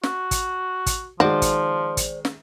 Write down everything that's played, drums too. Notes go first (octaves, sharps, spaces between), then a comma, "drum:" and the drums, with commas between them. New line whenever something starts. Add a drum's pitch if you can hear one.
F#4, drum: snare
drum: kick, hi-hat
drum: kick, hi-hat
D#3 F3 G#3 F#4 C5 D5
drum: kick, hi-hat
drum: kick, hi-hat
drum: snare